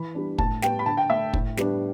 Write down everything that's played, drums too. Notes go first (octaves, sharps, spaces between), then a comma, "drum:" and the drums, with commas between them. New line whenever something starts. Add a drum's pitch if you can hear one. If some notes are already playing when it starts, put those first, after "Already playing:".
Already playing: E3 B5
G3 B3 D4
A2 A5, drum: kick
G3 B3 G5, drum: snare
B5
D3 A5
G5
A3 D4 E5
A2, drum: kick
G3 B3 D4, drum: snare